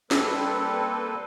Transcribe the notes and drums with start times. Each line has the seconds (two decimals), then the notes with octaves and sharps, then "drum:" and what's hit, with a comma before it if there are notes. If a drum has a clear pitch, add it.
0.11 G3 A#3 C4 A4 B4, drum: snare